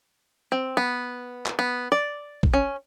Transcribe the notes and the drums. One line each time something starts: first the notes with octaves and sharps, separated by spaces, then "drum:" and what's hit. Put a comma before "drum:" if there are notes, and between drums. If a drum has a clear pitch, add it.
C4
B3
drum: clap
B3
D5
drum: kick
C#4